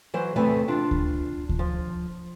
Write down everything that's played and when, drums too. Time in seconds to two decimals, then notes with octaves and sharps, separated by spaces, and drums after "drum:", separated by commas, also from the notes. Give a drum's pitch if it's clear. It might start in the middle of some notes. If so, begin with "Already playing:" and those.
0.14 E3 F#3 C5
0.36 E2 C3 A3 B3 B4 G#5
0.68 D4 F4
0.91 drum: kick D2
1.49 drum: kick D2
1.59 F3